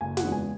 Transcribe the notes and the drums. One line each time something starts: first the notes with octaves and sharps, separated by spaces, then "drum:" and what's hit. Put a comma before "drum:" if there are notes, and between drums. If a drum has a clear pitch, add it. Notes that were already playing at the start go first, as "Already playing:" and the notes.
F#1 G#5
F#5, drum: snare
E2 C#3 E3 G#3
G#5